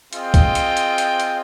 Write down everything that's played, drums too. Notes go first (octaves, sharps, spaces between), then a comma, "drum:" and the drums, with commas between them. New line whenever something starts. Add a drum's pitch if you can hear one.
C4 F4 G#4 D#5 G5, drum: hi-hat
drum: kick, hi-hat
drum: hi-hat
drum: hi-hat
drum: hi-hat
drum: hi-hat